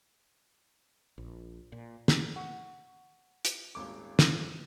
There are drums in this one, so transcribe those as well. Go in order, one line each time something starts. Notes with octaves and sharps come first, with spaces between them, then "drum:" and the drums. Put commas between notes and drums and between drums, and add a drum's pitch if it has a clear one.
A#1
A#2
drum: snare
F#5 C#6
drum: hi-hat
D#1 G#1 D6
drum: snare